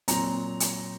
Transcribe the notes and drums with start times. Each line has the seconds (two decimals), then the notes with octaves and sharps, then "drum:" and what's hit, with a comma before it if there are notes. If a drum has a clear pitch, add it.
0.08 A#2 F#3 C4 A#5, drum: hi-hat
0.60 drum: hi-hat